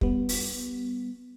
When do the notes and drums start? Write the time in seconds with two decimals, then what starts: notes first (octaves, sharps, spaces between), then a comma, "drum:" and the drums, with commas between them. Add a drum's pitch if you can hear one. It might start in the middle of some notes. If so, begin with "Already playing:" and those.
0.01 G3 B3, drum: kick
0.29 drum: open hi-hat